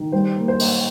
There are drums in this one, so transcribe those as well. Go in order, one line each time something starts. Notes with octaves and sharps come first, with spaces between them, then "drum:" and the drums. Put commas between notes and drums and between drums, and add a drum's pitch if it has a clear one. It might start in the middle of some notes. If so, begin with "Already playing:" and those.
Already playing: D#3
G3 C5
A#3
C5
A#3, drum: open hi-hat